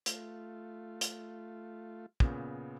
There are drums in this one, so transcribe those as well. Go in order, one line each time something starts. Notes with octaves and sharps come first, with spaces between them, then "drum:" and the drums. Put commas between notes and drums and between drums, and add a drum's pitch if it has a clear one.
A3 F4, drum: hi-hat
drum: hi-hat
A#2 C#3 B3, drum: kick